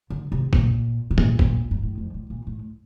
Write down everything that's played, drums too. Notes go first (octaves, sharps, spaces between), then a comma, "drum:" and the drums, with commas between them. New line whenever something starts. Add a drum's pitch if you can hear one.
D3
C3
A#2, drum: kick G1
C3
A#2, drum: tom
drum: kick G1
G2
A2
F2
A2
A#2
A2